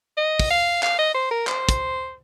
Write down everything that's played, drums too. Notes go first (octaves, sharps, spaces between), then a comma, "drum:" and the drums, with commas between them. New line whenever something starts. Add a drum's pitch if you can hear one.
D#5
drum: kick, open hi-hat
F5
F5, drum: clap
D#5
C5
A#4
C5, drum: clap
drum: kick, hi-hat